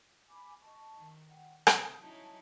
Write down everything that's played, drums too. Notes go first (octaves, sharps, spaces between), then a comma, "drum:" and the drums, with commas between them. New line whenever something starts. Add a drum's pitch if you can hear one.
G#5 B5 D6
D#5 A5 C#6
D#3
F#5 G5
C3 A4 D#6 G6, drum: rim click
F#3 C#4 D#4 E4 A5